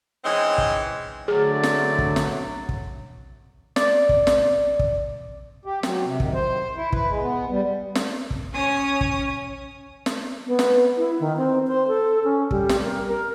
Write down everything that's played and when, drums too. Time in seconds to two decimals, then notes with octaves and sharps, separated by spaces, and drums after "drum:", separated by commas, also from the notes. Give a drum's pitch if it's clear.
0.25 E3 G#3 C4 C#4 D#4 D#5
0.58 drum: kick
1.28 D3 F#3 A3 G#4 D5
1.63 drum: snare
1.99 drum: kick
2.16 drum: snare
2.69 drum: kick
3.76 D5, drum: snare
4.09 drum: kick
4.27 drum: snare
4.79 drum: kick
5.65 G4
5.83 F#3, drum: snare
6.05 C3
6.20 D#3, drum: kick
6.34 C5
6.76 E4
6.93 B4, drum: kick
7.09 G#3
7.22 B3
7.50 G3
7.95 drum: snare
8.31 drum: kick
8.53 C#4 C#5 G#5 D#6
9.01 drum: kick
10.06 drum: snare
10.47 B3
10.59 drum: snare
10.97 E4
11.20 D#3
11.37 C4
11.68 C5
11.88 A4
12.24 C#4
12.51 G3, drum: kick
12.69 drum: snare
12.83 A#4
13.07 A#4